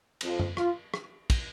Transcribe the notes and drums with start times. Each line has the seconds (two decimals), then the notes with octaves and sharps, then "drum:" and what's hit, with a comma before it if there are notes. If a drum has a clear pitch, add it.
0.21 F2 F3, drum: cymbal
0.39 drum: tom F#2
0.57 F4, drum: rim click
0.94 drum: rim click
1.30 drum: kick, cymbal